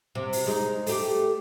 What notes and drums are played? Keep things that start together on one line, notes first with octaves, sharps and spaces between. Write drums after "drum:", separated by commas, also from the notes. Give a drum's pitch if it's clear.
C3
drum: open hi-hat
G#3 D#4
A3 G4, drum: open hi-hat